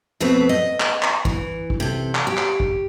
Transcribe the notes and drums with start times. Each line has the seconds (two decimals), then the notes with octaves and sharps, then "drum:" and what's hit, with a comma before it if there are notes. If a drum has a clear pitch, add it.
0.20 F2 B2 A3 B3 C4 B4
0.49 D#5
0.80 drum: clap
1.03 drum: clap
1.25 E3, drum: kick A#1
1.70 drum: kick A#1
1.80 C3 A4
2.15 drum: clap
2.27 G4
2.37 drum: clap
2.60 drum: kick A#1